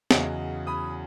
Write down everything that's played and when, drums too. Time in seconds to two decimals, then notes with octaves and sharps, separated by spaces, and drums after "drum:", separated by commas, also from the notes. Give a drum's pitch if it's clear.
0.11 E2 C#3 F#3 D#5 F#5, drum: snare
0.67 B5 D#6